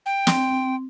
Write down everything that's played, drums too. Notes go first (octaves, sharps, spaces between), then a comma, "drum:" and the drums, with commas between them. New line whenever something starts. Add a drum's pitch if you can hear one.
G5
C4, drum: snare